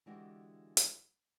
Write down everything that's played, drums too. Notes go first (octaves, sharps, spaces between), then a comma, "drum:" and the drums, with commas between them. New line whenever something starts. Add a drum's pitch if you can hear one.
D3 E3 G#3 F#4 G4
drum: hi-hat